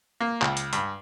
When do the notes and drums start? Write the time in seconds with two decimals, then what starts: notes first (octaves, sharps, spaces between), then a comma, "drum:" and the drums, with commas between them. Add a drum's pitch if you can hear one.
0.20 A#3
0.42 C#2, drum: clap
0.57 drum: hi-hat
0.73 G2, drum: hi-hat